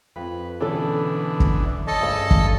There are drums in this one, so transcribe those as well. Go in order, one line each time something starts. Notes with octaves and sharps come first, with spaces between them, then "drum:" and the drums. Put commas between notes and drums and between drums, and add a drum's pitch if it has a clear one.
F2 B4
B2 D3 E3 C#4 A4
drum: kick
A4 C#5 D#5 A5
G2 C#3 D5
drum: kick